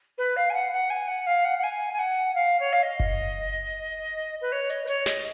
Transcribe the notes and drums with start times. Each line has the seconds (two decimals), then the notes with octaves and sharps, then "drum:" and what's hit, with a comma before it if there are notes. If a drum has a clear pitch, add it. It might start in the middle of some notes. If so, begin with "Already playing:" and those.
0.17 B4
0.36 F5
0.49 G#5
0.53 F#5
0.72 F#5
0.89 G#5
1.07 F#5
1.26 F5
1.44 F#5
1.58 F#5
1.63 G#5
1.93 G#5
1.98 F#5
2.34 F5
2.59 C#5
2.72 F5
2.82 D#5
3.00 drum: kick F#1
4.41 B4
4.51 C#5
4.69 D#5, drum: hi-hat
4.84 B4
4.87 C#5, drum: hi-hat
5.06 D#5, drum: snare